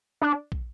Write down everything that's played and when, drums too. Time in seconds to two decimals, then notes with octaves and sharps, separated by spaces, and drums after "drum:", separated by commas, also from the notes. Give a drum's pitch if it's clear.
0.21 D4
0.52 drum: kick